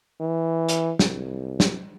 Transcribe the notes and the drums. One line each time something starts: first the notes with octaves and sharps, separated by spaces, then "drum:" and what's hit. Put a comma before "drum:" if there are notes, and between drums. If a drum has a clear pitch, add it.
E3
drum: hi-hat
C2, drum: snare
drum: snare